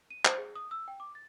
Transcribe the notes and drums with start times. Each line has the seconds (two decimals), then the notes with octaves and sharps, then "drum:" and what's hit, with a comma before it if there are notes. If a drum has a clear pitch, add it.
0.11 D#7
0.25 C5, drum: clap
0.38 G#4
0.56 D#6
0.71 E6
0.88 G5
1.00 D6
1.15 A6